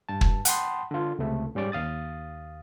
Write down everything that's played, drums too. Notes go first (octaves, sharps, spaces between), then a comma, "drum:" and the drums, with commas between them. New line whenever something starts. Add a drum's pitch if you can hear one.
G2 A5
drum: kick
F#5 G5 A5 B5 C6 D#6, drum: hi-hat
D3 F4
C#2 C3 A3
G#2 G3 C#4 D5 D6
D#2 F5 D#6 A6